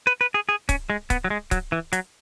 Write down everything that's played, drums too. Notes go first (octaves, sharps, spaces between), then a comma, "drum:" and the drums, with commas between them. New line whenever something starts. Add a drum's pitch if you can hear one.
B4
B4
G#4
G#4
C#4, drum: kick C#1, hi-hat
G#3
B3, drum: kick C#1, hi-hat
F#3
G#3
F#3, drum: kick C#1, hi-hat
E3
F#3, drum: hi-hat